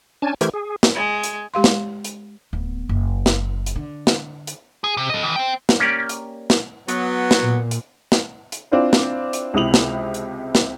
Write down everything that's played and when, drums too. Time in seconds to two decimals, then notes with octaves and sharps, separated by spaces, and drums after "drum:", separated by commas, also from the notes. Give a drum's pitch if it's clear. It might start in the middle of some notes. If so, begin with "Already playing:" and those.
0.22 C#4 D4 G#5 A5
0.41 E3 A3 G4 A#4 C5 G#6, drum: hi-hat
0.54 G#4
0.83 drum: snare
0.95 G#3
1.23 drum: hi-hat
1.54 G#3 G4 F5 C6
1.64 drum: snare
2.04 drum: hi-hat
2.53 D1 B3
2.89 F#1
3.26 drum: snare
3.66 drum: hi-hat
3.76 D3
4.07 drum: snare
4.47 drum: hi-hat
4.84 G#4
4.97 C3
5.10 A4 D#5
5.23 D#3 E3
5.36 C5 G5
5.69 drum: snare
5.80 A#3 C#4 G4 D5
6.09 drum: hi-hat
6.50 drum: snare
6.88 F#3 B3, drum: hi-hat
7.31 drum: snare
7.41 A#2
7.71 drum: hi-hat
8.12 drum: snare
8.52 drum: hi-hat
8.72 C4 D4 E4 F4 C5 D5
8.93 drum: snare
9.33 drum: hi-hat
9.54 C#2 C3 E4 D#6 F7 F#7
9.74 drum: snare
10.14 drum: hi-hat
10.55 drum: snare